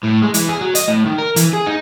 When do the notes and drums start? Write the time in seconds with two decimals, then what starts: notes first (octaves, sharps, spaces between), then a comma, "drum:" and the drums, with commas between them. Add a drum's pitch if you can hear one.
0.03 A2
0.22 G#3
0.34 E3, drum: hi-hat
0.48 G#4
0.61 F#3
0.75 D#5, drum: hi-hat
0.88 A2
1.06 D#3
1.18 A#4
1.36 E3, drum: hi-hat
1.54 G#4
1.67 D#4